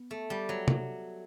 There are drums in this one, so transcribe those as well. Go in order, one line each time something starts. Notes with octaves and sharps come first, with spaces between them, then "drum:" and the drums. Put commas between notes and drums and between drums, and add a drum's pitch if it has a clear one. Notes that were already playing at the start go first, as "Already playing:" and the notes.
Already playing: B3
A3
G3
F#3
drum: tom